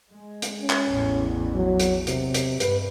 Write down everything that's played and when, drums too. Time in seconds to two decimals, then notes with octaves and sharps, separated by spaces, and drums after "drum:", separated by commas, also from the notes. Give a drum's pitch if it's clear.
0.12 G#3
0.42 drum: hi-hat
0.60 C#4
0.70 drum: clap
0.91 A1 E2
1.55 F#3
1.80 drum: hi-hat
2.07 C3, drum: hi-hat
2.34 drum: hi-hat
2.60 G2 B4, drum: hi-hat